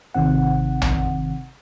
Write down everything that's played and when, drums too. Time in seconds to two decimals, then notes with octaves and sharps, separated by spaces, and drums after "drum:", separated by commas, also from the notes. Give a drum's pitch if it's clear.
0.14 G#1 C3 D#3 C4 F#5
0.82 drum: tom A#1